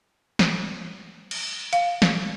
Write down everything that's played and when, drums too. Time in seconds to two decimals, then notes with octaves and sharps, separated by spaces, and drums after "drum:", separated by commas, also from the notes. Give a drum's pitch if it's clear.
0.39 drum: snare
1.31 drum: cymbal
1.73 F5, drum: hi-hat
2.02 drum: snare